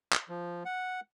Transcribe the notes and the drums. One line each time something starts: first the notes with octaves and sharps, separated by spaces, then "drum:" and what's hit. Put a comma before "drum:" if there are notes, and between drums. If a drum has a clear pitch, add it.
drum: clap
F3
F#5